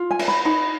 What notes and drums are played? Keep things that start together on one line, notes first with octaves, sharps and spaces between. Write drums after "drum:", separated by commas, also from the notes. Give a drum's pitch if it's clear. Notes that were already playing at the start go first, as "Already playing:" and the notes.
Already playing: F4
G#5
B4, drum: cymbal
B5
D#4 B5